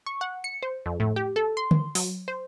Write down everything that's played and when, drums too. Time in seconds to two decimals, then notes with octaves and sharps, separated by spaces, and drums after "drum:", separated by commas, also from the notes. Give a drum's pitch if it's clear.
0.06 C#6
0.21 F#5
0.44 C#7
0.63 C5
0.86 F2
1.00 A2
1.16 G4
1.36 A4
1.57 C6
1.71 drum: tom D3
1.95 F#3, drum: open hi-hat
2.28 C5